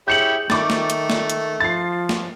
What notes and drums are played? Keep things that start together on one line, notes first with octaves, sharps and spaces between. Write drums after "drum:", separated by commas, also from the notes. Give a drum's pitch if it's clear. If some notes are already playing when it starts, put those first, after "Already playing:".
E4 G4 G#4 C#5 G6 C#7 F#7
D#3 A3 C#6 D6 A6, drum: snare
drum: snare
drum: hi-hat
drum: snare
drum: hi-hat
F3 A6 C7
drum: snare